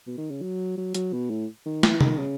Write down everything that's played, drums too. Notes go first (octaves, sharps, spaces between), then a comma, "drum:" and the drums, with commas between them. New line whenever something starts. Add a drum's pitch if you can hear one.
B2
D#3
C#3
F#3
F#3
F#3, drum: hi-hat
B2
A2
D#3
E3, drum: snare
D#3, drum: tom C3
C#3